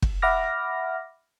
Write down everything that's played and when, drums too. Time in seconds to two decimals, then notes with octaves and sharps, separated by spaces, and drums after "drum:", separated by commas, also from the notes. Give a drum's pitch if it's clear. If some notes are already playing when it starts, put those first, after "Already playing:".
0.02 drum: kick
0.22 E5 F#5 B5 D6 F6 A#6